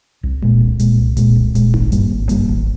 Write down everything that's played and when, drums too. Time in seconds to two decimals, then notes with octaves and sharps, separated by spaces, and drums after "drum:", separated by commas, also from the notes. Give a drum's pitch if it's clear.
0.23 C2
0.42 A#2 G#3, drum: kick D1
0.61 C2
0.79 A#2 G#3, drum: hi-hat
0.98 C2
1.17 A#2 G#3, drum: kick D1, hi-hat
1.36 C2
1.55 A#2 G#3, drum: kick D1, hi-hat
1.74 G#1, drum: tom D#4
1.92 G2 G3 A#3, drum: hi-hat
2.11 G#1
2.29 G2 G3 A#3, drum: kick D1, hi-hat
2.48 G#1